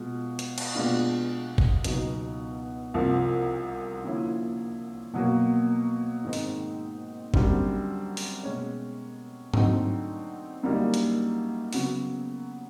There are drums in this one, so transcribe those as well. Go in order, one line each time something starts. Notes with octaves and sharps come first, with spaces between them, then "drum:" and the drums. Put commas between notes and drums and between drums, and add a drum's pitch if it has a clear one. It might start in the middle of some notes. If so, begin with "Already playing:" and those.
Already playing: B2 G#3 F4
drum: hi-hat
drum: cymbal
B2 G#3 B3 D4 F4
drum: kick
C#2 B2 F#3 B3 D#4, drum: hi-hat
C2 C3 F3
D3 F3 A#3 C#4 E4
B2 F#3 A#3
G#2 D#3 G#3 C4 D#4
drum: open hi-hat
F#2 D3 G3 C4, drum: kick
drum: open hi-hat
B2 G#3 C#4
D3 F#3 A3 C4 D#4, drum: tom G#2
F#2 D3 G3 A#3 D#4
drum: hi-hat
C#3 F#3 B3, drum: open hi-hat